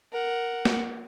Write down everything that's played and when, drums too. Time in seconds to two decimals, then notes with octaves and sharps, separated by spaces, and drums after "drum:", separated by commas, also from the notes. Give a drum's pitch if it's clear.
0.13 A#4 F#5
0.65 drum: snare